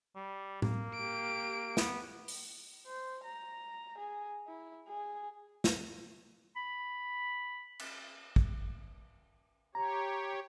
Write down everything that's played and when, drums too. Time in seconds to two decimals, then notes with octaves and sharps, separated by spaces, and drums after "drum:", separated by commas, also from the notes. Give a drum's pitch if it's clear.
0.15 G3
0.62 A#3, drum: tom A2
0.94 G4 D7
1.77 B3, drum: snare
2.28 drum: open hi-hat
2.87 C5
3.23 A#5
3.98 G#4
4.48 E4
4.88 G#4
5.64 drum: snare
6.56 B5
7.79 drum: cymbal
8.36 drum: kick
9.75 G4 C#5 A#5